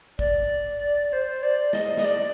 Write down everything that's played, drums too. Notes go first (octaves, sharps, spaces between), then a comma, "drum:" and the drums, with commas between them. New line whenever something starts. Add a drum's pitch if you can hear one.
D5, drum: kick
C5
D5
D#5, drum: snare
D#5, drum: snare
D5